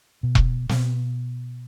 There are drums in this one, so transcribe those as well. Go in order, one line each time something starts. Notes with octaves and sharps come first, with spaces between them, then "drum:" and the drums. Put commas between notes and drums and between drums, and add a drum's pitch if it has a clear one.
B2
drum: kick E1
B2, drum: snare